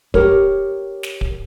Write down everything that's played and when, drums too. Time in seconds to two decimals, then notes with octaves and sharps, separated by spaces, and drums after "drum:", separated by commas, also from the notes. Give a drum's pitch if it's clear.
0.14 G4 A#4 C#5, drum: kick D1
1.03 drum: snare
1.21 drum: kick D1